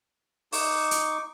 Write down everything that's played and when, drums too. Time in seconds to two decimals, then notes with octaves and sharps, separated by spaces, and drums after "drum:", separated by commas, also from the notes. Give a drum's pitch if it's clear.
0.53 D#4 C#6 D6, drum: open hi-hat
0.91 drum: hi-hat